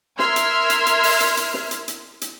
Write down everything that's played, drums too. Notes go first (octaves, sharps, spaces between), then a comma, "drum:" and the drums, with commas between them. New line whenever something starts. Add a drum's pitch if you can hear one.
A#4 E5 C6 E6 F6 G#6, drum: snare
drum: hi-hat
drum: hi-hat
drum: hi-hat
drum: open hi-hat
drum: hi-hat
drum: hi-hat
drum: snare
drum: hi-hat
drum: hi-hat
drum: hi-hat